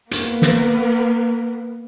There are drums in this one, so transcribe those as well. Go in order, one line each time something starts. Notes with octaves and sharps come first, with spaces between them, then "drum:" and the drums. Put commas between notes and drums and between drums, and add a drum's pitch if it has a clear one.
A#3 B3, drum: hi-hat
drum: snare